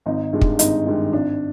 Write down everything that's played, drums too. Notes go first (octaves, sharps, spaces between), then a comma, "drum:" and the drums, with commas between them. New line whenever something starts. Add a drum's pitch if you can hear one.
G#1 D#4
G2 D#3 G#3
drum: kick
G#1 D#4, drum: hi-hat
G2 D#3 G#3
G#1 D4